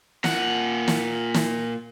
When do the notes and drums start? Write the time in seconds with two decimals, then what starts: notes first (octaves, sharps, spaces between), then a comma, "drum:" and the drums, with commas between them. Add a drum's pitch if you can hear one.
0.24 A#2 F#5, drum: snare
0.88 drum: snare
1.34 drum: snare